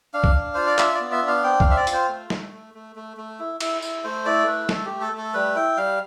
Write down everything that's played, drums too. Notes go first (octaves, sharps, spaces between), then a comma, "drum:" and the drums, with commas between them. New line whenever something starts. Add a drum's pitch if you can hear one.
D4 F5
drum: kick
D4
F4 C5
D5
F4 E5, drum: clap
D5
B3
E5
D4
F5
C4 G5
F5, drum: kick
C4
E5
D5
F4, drum: hi-hat
C5
A3
A3, drum: snare
A3
A3
A3
A3
E4
E4, drum: cymbal
E4, drum: tambourine
A3 C5
E4 D5
A3 B4
A3 A4, drum: snare
A3 G4
A4
A3
A4
G3 B4
E4 G5
G3 F5